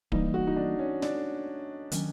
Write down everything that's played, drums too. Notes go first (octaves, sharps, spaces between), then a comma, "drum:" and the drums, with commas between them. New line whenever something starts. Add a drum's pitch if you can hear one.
E3 G3 A#3 D#4, drum: kick D1
F#4
D#4
D4
C#4
D4, drum: snare
D#3 F#3 A#3 C#4, drum: hi-hat